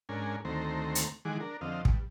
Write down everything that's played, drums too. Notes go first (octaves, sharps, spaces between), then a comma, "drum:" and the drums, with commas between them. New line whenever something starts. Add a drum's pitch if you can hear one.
G#2 C#4 D4 A#4 G#5
D2 D#3 A3 C4 C5 A#5
drum: hi-hat
D#3 E3 G#3 G#4 F#5 D6
D4 A#4
F2 D3 C4 D#5 F5
G2, drum: kick